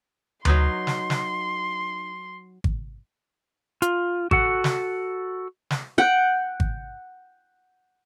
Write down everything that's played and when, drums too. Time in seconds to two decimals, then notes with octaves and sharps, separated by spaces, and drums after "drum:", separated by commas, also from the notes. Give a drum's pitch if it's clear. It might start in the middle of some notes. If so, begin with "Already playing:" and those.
0.45 F#3 D#4 B4 C6, drum: tom D2
0.87 drum: snare
1.10 drum: snare
2.64 drum: kick G#1
3.82 F4, drum: hi-hat
4.31 F#4 A4 F#5, drum: kick G#1
4.64 drum: snare
5.70 drum: snare
5.98 F#5 G5
6.60 drum: kick G#1